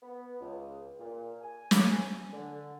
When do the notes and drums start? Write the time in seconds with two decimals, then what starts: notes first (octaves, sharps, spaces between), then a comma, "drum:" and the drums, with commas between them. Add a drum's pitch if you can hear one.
0.02 B3
0.40 C#2
0.98 A#2
1.41 G#5
1.71 drum: snare
2.32 D3